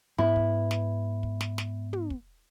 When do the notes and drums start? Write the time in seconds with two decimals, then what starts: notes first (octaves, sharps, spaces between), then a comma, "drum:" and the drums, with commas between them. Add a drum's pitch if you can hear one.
0.18 G#2 B3 E4
0.36 drum: kick
0.71 drum: snare
1.23 drum: kick
1.41 drum: snare
1.58 drum: snare
1.93 drum: tom
2.10 drum: kick